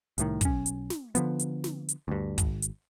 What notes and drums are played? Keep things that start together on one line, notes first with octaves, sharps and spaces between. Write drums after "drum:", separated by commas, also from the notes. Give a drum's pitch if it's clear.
C2 A2 D#3, drum: hi-hat
B1 C#4, drum: kick, hi-hat
drum: hi-hat
drum: snare
D3 F3 B3, drum: hi-hat
drum: hi-hat
drum: snare
drum: hi-hat
D2 G2
G#1, drum: kick, hi-hat
drum: hi-hat